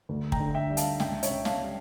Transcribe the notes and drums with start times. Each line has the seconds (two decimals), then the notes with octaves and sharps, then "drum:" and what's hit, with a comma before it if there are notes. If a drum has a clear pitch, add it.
0.09 D2
0.32 G5 A#5, drum: kick
0.40 D3
0.54 E5 G5
0.69 G3
0.77 F5 A5, drum: hi-hat
1.00 C#2 E5 G5, drum: snare
1.23 C#5 E5, drum: hi-hat
1.30 C#3
1.45 F5 A5, drum: snare
1.60 G3